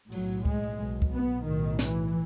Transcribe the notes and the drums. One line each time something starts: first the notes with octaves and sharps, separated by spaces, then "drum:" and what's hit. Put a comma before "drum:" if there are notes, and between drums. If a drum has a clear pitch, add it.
B1 A2 F#3, drum: open hi-hat
G#3, drum: kick
B1 B2
drum: kick
B3
B1 A2 D#3
E3, drum: snare